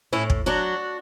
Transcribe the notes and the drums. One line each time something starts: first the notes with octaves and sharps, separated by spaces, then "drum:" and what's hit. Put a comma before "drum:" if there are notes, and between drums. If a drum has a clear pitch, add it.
A2 C#4 E4
drum: kick
F#3 D4 F#4